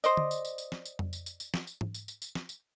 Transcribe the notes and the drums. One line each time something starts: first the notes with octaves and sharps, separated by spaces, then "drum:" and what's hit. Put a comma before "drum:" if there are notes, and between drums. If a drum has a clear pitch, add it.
C5 D5 D#5, drum: tambourine
drum: tom D3
drum: tambourine
drum: tambourine
drum: tambourine
drum: snare
drum: tambourine
drum: tom F2
drum: tambourine
drum: tambourine
drum: tambourine
drum: snare
drum: tambourine
drum: tom G#2
drum: tambourine
drum: tambourine
drum: tambourine
drum: snare
drum: tambourine